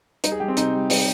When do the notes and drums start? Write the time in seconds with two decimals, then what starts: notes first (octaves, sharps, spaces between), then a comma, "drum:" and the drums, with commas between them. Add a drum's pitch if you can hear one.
0.24 G3 D#4, drum: hi-hat
0.32 G#4
0.40 G3 G4
0.48 C4
0.57 C3 D#4, drum: hi-hat
0.73 G3
0.90 G3, drum: open hi-hat